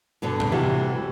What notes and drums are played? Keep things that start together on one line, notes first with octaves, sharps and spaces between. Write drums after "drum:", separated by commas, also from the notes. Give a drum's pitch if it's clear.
G2 B2 D3
drum: tom A2
C3 E3 G3 F#4